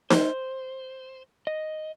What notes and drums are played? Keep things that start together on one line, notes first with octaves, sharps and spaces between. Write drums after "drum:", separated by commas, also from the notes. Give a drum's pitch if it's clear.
C5, drum: snare D#4
D#5